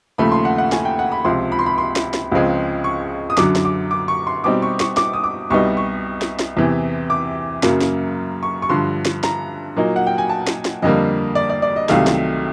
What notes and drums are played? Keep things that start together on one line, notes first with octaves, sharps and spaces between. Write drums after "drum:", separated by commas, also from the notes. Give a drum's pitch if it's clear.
D#2 C#3 F3 A3 B5
C6
F#5
F#5
G#5, drum: snare
G5
F#5
B5
C#2 C3 F3 C6
B5
C6
B5
C6
drum: snare
drum: snare
C#2 C#3 F3 G#3 C4
C#6
D#6
F#2 D3 F#3 D6, drum: snare
drum: snare
D6
D6
C#6
C6
B2 G3 C4 D#4 D6
C#6
C#6, drum: snare
D6, drum: snare
D#6
D6
C2 B2 G3 B3 D#4 C#6
C#6
drum: snare
drum: snare
E2 C3 E3
D6
F#2 C#3 F#3 A#3, drum: snare
drum: snare
C#6
C#6
G2 D3 F3 C6
drum: snare
A#5, drum: snare
A#2 F#3 A#3 D#4
F#5
G5
G#5
A5
drum: snare
drum: snare
F2 D3 G3 A#3 D#5
D5
D5
D5
D#5
C2 C3 D#3 F#3 A3 F5, drum: snare
drum: snare